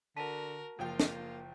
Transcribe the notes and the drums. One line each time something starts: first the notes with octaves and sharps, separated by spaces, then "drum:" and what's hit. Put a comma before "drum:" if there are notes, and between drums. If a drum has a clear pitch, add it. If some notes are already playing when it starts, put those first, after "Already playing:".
D3 F#4 A#4 A5 B6 D#7
F#1 F3 A#3 F4 G5
drum: snare